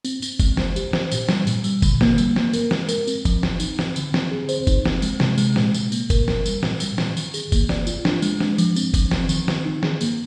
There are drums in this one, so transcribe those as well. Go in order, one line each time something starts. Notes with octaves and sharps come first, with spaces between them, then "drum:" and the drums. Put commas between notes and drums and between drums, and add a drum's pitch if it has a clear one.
C4, drum: tambourine
C4, drum: tambourine
G#3, drum: kick F#1, tambourine
C5, drum: snare
G4, drum: tambourine
C5, drum: snare
A#2, drum: tambourine
G3, drum: snare
A#2, drum: tambourine
G3, drum: tambourine
D3, drum: kick F#1, tambourine
A#3, drum: snare
G3, drum: tambourine
A#3, drum: snare
A#4, drum: tambourine
G#3, drum: snare
A#4, drum: tambourine
C4, drum: tambourine
F3, drum: kick F#1, tambourine
C4, drum: snare
D#4, drum: tambourine
C4, drum: snare
D3, drum: tambourine
C4, drum: snare
G#4
C5, drum: tambourine
D#4, drum: kick F#1, tambourine
C4, drum: snare
G#3, drum: tambourine
C3, drum: snare
G#3, drum: tambourine
A#2, drum: snare
A#2, drum: tambourine
A#3, drum: tambourine
A#4, drum: kick F#1, tambourine
A#4, drum: snare
G3, drum: tambourine
A#2, drum: snare
G3, drum: tambourine
D#3, drum: snare
D#3, drum: tambourine
G#4, drum: tambourine
A#3, drum: kick F#1, tambourine
D5, drum: snare
F4, drum: tambourine
D4, drum: snare
G#3, drum: tambourine
D4, drum: snare
F3, drum: tambourine
C4, drum: tambourine
F3, drum: kick F#1, tambourine
C4, drum: snare
D#3, drum: tambourine
D#3, drum: snare
D#4
G#4, drum: snare
A#3, drum: tambourine